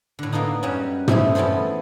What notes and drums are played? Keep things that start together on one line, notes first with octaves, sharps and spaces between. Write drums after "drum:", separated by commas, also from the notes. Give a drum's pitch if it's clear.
A2 D3
A#3 B3 D4 D#4
F#2 F#3 G3 C#4
G3 A3 C4 C#4 E4 G#4, drum: tom
E2 B3 C#4 E4 A4 C5